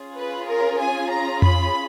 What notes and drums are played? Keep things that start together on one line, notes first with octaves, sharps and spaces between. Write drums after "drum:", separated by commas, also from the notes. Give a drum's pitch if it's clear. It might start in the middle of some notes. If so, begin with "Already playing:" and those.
Already playing: C#4 F4 G#4
B4
A#4
G#5
A#5
B5, drum: tom F2